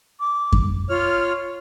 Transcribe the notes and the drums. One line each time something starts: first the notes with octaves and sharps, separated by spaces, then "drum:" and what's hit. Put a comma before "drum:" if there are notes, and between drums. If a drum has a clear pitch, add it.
D6
drum: kick F#2
F4 C#5 F6